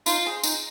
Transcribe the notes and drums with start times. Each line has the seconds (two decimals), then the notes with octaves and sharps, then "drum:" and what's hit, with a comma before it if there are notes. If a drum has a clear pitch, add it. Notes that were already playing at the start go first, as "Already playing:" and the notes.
0.06 D#4 F4, drum: tambourine
0.25 G#4 C5
0.44 D#4, drum: tambourine